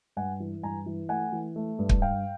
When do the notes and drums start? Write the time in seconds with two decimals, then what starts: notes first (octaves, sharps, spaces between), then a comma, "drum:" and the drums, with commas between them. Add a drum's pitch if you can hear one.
0.17 G2 F#5 G#5
0.40 E3
0.63 G2 G#5 A#5
0.86 E3
1.09 A3 F#5 G#5
1.32 E3
1.56 A3
1.79 G2
1.89 drum: kick
2.02 G2 F5 G5